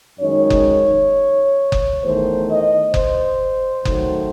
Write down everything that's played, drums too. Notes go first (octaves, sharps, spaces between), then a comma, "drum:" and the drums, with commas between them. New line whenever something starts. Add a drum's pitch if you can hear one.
F#2 D#3 G#3 D#4 C#5
drum: kick F#1
drum: kick F#1
E2 D#3 A3 C5
D#5
C5, drum: kick F#1
D#3 F#3 A3, drum: kick F#1